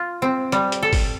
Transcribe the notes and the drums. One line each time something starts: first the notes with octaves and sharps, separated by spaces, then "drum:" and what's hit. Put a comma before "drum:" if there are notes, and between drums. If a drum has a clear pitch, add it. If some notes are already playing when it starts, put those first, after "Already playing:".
Already playing: F4
C4
G3, drum: hi-hat
drum: hi-hat
A4
drum: kick G1, open hi-hat